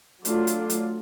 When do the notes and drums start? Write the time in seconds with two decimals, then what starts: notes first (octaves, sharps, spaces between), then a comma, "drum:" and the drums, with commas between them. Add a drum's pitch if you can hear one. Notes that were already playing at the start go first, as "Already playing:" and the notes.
0.25 F#3 A3 D4 F4, drum: hi-hat
0.47 drum: hi-hat
0.70 drum: hi-hat